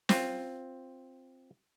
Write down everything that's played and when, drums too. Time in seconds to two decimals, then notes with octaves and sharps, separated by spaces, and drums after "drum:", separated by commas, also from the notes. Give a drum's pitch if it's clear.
0.09 C4 F4, drum: snare